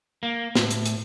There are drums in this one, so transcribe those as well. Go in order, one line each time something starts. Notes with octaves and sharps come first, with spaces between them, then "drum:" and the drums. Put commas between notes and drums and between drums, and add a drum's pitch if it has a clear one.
A#3
A2, drum: snare
drum: hi-hat
drum: hi-hat